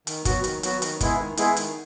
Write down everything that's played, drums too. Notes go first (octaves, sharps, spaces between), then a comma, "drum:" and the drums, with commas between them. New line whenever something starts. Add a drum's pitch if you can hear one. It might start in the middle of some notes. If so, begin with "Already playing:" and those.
D#3, drum: hi-hat
F#3 B3 F#4, drum: kick, hi-hat
D#3, drum: hi-hat
F#3 B3 F#4, drum: hi-hat
D#3, drum: hi-hat
G#3 B3 E4 G#4, drum: kick, hi-hat
D#3
G#3 B3 E4 G#4, drum: hi-hat
D#3, drum: hi-hat